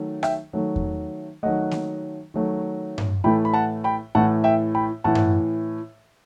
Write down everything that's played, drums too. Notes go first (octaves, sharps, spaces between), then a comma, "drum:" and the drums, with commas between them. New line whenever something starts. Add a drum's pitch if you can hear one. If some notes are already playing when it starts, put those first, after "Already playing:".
Already playing: D#3 F#3 A3
E5 G5, drum: rim click
D#3 F#3 A3
drum: kick E2
D#3 F#3 A3 D#5 F#5
drum: snare A#3
D#3 F#3 A3
drum: tom G2
A2 E3 A3 G5 B5
B5
F#5 A5
G5 B5
A2 E3 A3 F#5 A5
E5 G5
G5 B5
A2 E3 F#5 A5
drum: tom G2